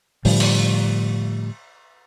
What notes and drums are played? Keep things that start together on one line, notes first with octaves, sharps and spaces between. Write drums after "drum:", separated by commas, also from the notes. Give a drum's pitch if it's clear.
A2 D3 F3 G3, drum: open hi-hat
drum: cymbal